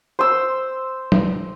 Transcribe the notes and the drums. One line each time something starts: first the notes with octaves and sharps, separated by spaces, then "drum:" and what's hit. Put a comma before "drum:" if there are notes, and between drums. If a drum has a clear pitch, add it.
C5 E6
drum: tom